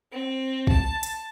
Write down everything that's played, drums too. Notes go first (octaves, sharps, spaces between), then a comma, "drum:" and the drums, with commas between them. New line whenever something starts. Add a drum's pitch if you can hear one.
C4
A5, drum: kick
drum: hi-hat